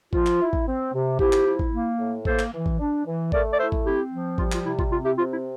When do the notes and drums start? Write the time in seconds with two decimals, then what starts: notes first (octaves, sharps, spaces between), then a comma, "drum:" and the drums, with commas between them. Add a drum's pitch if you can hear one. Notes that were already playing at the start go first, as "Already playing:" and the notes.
0.13 F3 F4, drum: kick
0.26 drum: clap
0.39 E4
0.53 drum: kick
0.67 C4
0.93 C3
1.19 F3 E4 G4, drum: kick
1.33 drum: clap
1.46 E4
1.59 drum: kick
1.73 A#3
1.99 A2
2.25 A#3 A4 C5, drum: kick
2.39 drum: clap
2.52 E3
2.66 drum: kick
2.79 D4
3.05 E3
3.32 A3 A#4 D5, drum: kick
3.53 D5
3.59 E4 C5 E5
3.72 drum: kick
3.85 C4 E4 G4
4.12 F3
4.38 G3 F4, drum: kick
4.52 F4, drum: clap
4.65 C3 E4
4.79 F4, drum: kick
4.91 C4 F4
5.05 E4 G4
5.18 C3 F4
5.32 E4